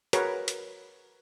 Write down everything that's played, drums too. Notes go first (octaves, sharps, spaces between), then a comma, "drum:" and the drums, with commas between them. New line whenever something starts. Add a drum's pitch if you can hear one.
F#4 G#4 A#4 B4 C#5, drum: hi-hat
drum: hi-hat